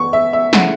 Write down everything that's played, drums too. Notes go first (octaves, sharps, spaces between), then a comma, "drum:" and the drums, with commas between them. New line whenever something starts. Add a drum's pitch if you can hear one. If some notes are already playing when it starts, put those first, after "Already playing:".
Already playing: E3 C#6
E5
E5
C#3 A3 E4 F#5, drum: snare